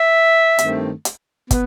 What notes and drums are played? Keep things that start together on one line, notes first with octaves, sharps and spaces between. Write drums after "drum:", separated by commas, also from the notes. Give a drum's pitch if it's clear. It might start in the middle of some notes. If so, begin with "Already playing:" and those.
Already playing: E5
G2 D#3 A3 C4, drum: hi-hat
drum: hi-hat
B3, drum: kick, hi-hat